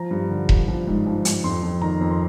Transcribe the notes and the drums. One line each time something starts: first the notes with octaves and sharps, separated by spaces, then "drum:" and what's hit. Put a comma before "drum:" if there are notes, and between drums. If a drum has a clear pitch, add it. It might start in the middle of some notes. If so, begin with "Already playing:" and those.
Already playing: F3 A#5
G2
D3
G2, drum: kick E1
F3
G#2
F3
G#2, drum: hi-hat
F2 C6
F2
D#3 A#5
F2
C6